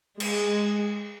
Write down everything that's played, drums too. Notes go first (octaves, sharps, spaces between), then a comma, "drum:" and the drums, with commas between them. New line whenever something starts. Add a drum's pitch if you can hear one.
G#3, drum: cymbal